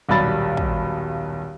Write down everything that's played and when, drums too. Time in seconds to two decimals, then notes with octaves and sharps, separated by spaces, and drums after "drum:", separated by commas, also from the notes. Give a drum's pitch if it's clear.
0.08 D#1 B1 G3 B5 A6
0.57 drum: kick